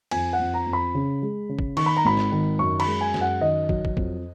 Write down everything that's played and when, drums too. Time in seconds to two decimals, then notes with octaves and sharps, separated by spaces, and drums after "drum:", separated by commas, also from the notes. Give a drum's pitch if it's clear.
0.11 F2 G#5, drum: cymbal
0.33 F#5
0.40 F2
0.54 A#5
0.67 F2
0.73 B5
0.95 C#3
1.22 G#3
1.49 C#3
1.59 drum: kick
1.77 D#3 C#6, drum: cymbal
1.86 B5
1.97 A#5
2.05 G#1 B5
2.17 drum: snare
2.32 D#3
2.59 F#2 C#6
2.80 B5, drum: cymbal
2.86 G#3
3.01 G#5
3.14 F#2, drum: snare
3.21 F#5
3.41 D#3 D#5
3.69 F#3, drum: kick
3.85 drum: kick
3.97 F2, drum: kick